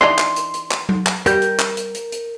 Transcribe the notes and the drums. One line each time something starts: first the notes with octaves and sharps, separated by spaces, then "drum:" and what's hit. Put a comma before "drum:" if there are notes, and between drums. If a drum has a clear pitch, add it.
E3 D4 D#4 C6
drum: clap
drum: hi-hat
drum: hi-hat
drum: clap
drum: tom F#3
drum: clap
G3 A#4 G6, drum: hi-hat
drum: hi-hat
drum: clap
drum: hi-hat
drum: hi-hat
drum: hi-hat